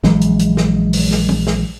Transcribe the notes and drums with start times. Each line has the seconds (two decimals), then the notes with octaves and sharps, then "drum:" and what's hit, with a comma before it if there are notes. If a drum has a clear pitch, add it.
0.04 A#1 E3 F#3 G#3, drum: snare
0.21 drum: hi-hat
0.39 drum: hi-hat
0.57 drum: snare
0.93 drum: open hi-hat
1.11 drum: snare
1.29 drum: tom
1.47 drum: snare